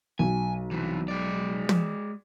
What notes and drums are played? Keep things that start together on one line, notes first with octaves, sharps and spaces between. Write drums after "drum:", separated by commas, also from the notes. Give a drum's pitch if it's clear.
B1 G#5
C2 E3
G#3 D5
drum: tom